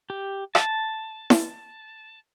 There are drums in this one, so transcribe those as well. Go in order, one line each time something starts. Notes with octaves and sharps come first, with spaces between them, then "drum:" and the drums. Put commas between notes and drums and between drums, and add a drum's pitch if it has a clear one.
G4
A5, drum: rim click
drum: snare E4